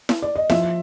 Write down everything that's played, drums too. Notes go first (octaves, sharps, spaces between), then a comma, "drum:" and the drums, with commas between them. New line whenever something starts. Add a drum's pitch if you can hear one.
drum: snare E4
D5
D#5
F3 E5, drum: snare E4